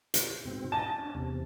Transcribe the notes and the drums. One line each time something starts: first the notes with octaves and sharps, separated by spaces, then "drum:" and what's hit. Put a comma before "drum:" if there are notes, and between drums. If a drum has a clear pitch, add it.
drum: hi-hat
G#2 B2 C4
D#5 A5
C#4 D4
E2 C3